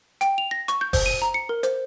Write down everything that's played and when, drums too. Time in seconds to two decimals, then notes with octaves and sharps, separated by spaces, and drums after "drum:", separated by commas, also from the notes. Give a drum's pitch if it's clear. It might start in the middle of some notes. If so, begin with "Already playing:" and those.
0.21 G5, drum: hi-hat
0.38 F7
0.51 A#6
0.68 C#6, drum: hi-hat
0.81 G6
0.93 C5, drum: kick F#1, open hi-hat
1.06 D#7
1.22 A#5
1.34 C#7
1.49 A#4
1.63 C5, drum: hi-hat